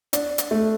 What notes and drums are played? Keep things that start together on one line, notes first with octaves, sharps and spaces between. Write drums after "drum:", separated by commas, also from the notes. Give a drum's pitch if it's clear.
D4, drum: hi-hat
drum: hi-hat
A3